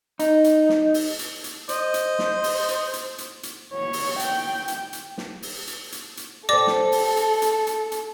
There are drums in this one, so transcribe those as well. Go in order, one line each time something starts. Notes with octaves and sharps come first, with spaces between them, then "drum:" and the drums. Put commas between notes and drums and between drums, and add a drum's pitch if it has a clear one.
D#4, drum: hi-hat
drum: hi-hat
drum: snare
drum: open hi-hat
drum: hi-hat
drum: hi-hat
C5 D#5, drum: hi-hat
drum: hi-hat
drum: snare
drum: open hi-hat
drum: hi-hat
drum: hi-hat
drum: hi-hat
drum: hi-hat
C#5
drum: open hi-hat
G5, drum: hi-hat
drum: hi-hat
drum: hi-hat
drum: snare
drum: open hi-hat
drum: hi-hat
drum: hi-hat
drum: hi-hat
G4 A4 C5 D5 D6 A#6
drum: snare
drum: open hi-hat
drum: hi-hat
drum: hi-hat
drum: hi-hat
drum: hi-hat